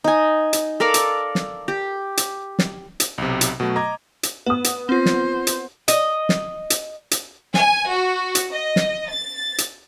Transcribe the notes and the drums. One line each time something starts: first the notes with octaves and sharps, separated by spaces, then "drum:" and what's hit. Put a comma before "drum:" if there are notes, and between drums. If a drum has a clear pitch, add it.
D#4 G#5
drum: hi-hat
A4 A#4 D5 F5
drum: hi-hat
drum: snare
G4
drum: hi-hat
drum: snare
drum: hi-hat
B1 C3
drum: hi-hat
B2 F#3 A3
D#5 A#5 D6 G#6
drum: hi-hat
B3 B4 D#6
drum: hi-hat
C4 F4 C5
drum: snare
drum: hi-hat
D#5, drum: hi-hat
drum: snare
drum: hi-hat
drum: hi-hat
G#5, drum: snare
F#4
drum: hi-hat
D#5
drum: snare
A6
drum: hi-hat